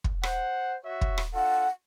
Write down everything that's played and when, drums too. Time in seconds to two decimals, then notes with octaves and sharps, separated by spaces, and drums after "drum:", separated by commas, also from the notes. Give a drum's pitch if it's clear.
0.04 drum: kick
0.23 C5 F#5, drum: rim click
0.85 F#4 C#5 E5
1.01 drum: kick
1.18 drum: rim click
1.34 D4 F4 A4 F#5